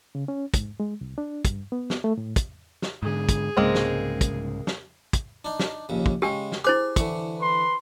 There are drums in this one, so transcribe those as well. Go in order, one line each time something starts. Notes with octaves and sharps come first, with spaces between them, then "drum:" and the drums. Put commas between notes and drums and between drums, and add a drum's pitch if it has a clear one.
C#3
C#4
G#2, drum: kick, hi-hat
G#3
C2
D4
G2, drum: kick, hi-hat
B3
drum: snare
A3
A2
drum: kick, hi-hat
drum: snare
G#2 D3 G#4
drum: kick, hi-hat
C2 G#2 C#3 G#3 A#3 C4
drum: snare
drum: kick, hi-hat
drum: snare
drum: kick, hi-hat
D4 D#4
drum: snare
A#1 D#2 C#3
drum: kick
C#3 G#3 G4 G5
drum: snare
E4 G#4 C5 D6
D3 E3 C#6, drum: kick, hi-hat
B4 C6